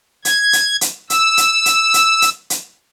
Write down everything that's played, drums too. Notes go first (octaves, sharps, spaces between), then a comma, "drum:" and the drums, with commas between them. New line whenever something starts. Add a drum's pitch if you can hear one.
G#6, drum: hi-hat
drum: hi-hat
drum: hi-hat
E6, drum: hi-hat
drum: hi-hat
drum: hi-hat
drum: hi-hat
drum: hi-hat
drum: hi-hat